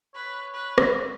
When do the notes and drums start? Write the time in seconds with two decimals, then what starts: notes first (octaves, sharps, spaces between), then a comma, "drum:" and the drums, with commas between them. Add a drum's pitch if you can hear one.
0.15 B4 C#5
0.53 B4
0.78 drum: rim click